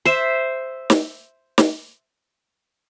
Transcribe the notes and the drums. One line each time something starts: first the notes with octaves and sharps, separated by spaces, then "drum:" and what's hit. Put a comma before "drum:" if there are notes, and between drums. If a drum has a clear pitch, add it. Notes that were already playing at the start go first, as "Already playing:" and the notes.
C5 E5
drum: snare
drum: snare